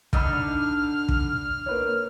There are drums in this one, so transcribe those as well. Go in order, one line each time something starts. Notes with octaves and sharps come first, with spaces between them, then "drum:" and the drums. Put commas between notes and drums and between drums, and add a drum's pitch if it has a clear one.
D3 D4 D#4 B5 E6 F6 G6, drum: kick
drum: kick
A#3 B4 C#5